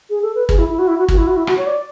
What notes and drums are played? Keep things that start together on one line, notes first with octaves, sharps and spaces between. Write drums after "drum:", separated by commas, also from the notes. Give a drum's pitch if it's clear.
G#4
A4
B4
G#4, drum: kick
E4
E4
F#4
E4
F#4
F#4, drum: kick
E4
F#4
E4
F#4, drum: rim click
C#5
D5